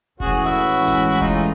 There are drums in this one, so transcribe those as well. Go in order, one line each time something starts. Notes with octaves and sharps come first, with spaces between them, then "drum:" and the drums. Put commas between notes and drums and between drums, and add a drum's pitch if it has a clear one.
A2 E3 G#3 C#4 F#4 G#4, drum: kick F1
E4 F#4
drum: snare G1
D#4 F4, drum: kick F1